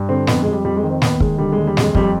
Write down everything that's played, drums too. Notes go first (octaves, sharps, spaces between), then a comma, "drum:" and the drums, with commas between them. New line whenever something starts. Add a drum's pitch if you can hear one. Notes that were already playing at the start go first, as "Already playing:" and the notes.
Already playing: G2
D3 C4
F2 B3, drum: snare
F2 G#3
G3
F2 G3
G#3
D#3
C4
D#2 B3, drum: snare
D#3 G#3, drum: kick
D3 G3
G#3
D#2
G3
F2 G#3, drum: snare
F2 G3, drum: kick